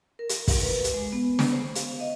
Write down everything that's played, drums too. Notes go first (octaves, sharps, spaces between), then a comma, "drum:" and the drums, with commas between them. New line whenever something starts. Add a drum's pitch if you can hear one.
A#4
drum: hi-hat
drum: kick, open hi-hat
B4
drum: hi-hat
G#3
B3
drum: snare
C5
F5, drum: hi-hat
D#5